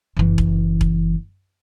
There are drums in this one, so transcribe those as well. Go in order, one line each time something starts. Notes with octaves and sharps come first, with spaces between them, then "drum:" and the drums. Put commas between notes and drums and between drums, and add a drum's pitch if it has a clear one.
F#1 E3
drum: kick E1
drum: kick E1